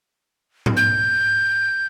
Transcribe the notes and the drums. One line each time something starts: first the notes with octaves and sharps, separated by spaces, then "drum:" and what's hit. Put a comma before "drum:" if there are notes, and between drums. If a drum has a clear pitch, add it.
drum: tom G#2
G6